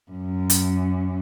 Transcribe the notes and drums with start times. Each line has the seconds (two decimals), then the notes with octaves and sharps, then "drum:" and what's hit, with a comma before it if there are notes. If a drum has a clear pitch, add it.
0.11 F#2
0.50 drum: hi-hat